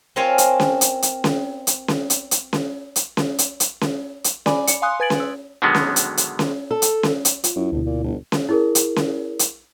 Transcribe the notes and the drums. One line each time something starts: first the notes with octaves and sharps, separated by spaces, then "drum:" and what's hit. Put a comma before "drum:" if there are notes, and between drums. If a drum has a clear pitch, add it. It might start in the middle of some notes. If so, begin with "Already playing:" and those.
C4 F4 A#4 C#5 F5 G#5
drum: hi-hat
drum: snare C#4
drum: hi-hat
drum: hi-hat
drum: snare C#4
drum: hi-hat
drum: snare C#4
drum: hi-hat
drum: hi-hat
drum: snare C#4
drum: hi-hat
drum: snare C#4
drum: hi-hat
drum: hi-hat
drum: snare C#4
drum: hi-hat
D5 G#5 B5 D6, drum: snare C#4
C#7, drum: hi-hat
F5 G#5 C6 D#6 F#6
B4 G#5 G#6 A6 D7 F#7
drum: snare C#4
E6
B2 D3 D#3 F#3 G#3 B3
drum: snare C#4
drum: hi-hat
drum: hi-hat
drum: snare C#4
A4
drum: hi-hat
drum: snare C#4
drum: hi-hat
F4, drum: hi-hat
F#2 E4
G1 D2 B2
A#2
G1
drum: snare C#4
E4 G#4 A#4
drum: hi-hat
drum: snare C#4
drum: hi-hat